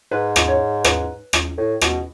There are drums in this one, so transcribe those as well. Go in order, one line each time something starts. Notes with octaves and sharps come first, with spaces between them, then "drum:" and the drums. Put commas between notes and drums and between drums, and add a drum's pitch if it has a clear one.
G#2 B4
drum: rim click
C#5
B4, drum: rim click
drum: rim click
A2
B2, drum: rim click